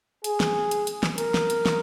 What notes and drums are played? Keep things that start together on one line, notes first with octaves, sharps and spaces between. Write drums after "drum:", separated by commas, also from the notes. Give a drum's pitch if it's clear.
G#4, drum: hi-hat
drum: snare
drum: hi-hat
drum: hi-hat
drum: snare
A#4, drum: hi-hat
drum: snare
drum: hi-hat
drum: snare